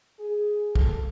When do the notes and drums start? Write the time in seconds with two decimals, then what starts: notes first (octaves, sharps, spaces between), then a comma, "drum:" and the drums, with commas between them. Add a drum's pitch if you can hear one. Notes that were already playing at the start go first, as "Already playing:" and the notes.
0.19 G#4
0.76 A4, drum: kick